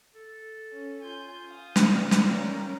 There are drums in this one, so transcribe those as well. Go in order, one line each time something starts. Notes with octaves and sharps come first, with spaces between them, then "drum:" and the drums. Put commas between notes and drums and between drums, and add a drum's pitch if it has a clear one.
A4
C#4
F4 G#5 G6
F5 D#6
drum: snare
G3
drum: snare
C#4 A#4